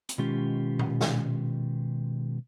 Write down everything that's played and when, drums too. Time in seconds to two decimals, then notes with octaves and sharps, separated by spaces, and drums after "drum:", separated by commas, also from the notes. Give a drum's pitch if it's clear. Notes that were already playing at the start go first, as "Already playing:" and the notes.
0.09 drum: hi-hat
0.18 B2 D#3 G#3 C#4 F4 G4
0.79 drum: tom A#2
1.01 drum: snare